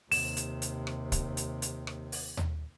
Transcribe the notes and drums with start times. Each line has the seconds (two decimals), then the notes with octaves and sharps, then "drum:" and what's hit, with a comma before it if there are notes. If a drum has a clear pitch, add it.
0.12 D#2 C3 E7, drum: open hi-hat
0.37 drum: hi-hat
0.62 drum: hi-hat
0.87 drum: rim click
1.12 drum: kick, hi-hat
1.37 drum: hi-hat
1.62 drum: hi-hat
1.87 drum: rim click
2.12 drum: open hi-hat
2.37 drum: tom D#2